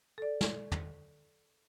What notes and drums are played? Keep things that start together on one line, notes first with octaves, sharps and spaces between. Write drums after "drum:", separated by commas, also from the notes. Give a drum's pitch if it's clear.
A4 D5
drum: snare
drum: tom